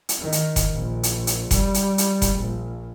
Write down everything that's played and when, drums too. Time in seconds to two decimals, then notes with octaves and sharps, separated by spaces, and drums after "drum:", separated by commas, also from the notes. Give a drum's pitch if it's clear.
0.09 drum: hi-hat
0.21 D#3
0.32 drum: hi-hat
0.56 drum: kick F1, hi-hat
0.74 A#1
1.03 drum: hi-hat
1.27 drum: hi-hat
1.51 G3, drum: kick F1, hi-hat
1.74 drum: hi-hat
1.98 drum: hi-hat
2.22 drum: kick F1, hi-hat
2.40 A#1